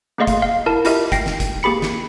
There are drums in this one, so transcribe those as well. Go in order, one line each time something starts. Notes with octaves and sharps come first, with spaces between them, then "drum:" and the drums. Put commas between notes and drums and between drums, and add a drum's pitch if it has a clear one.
A3 A#3 G#4 D#5 F5 C6
drum: kick, hi-hat
F5
E4 A#4 A5
E4 F4 G4 A#4 D#5 E5, drum: hi-hat
G5 A#6 C7, drum: kick, hi-hat
drum: snare
drum: kick, hi-hat
A#3 G4 G#4 B5 C#7
drum: snare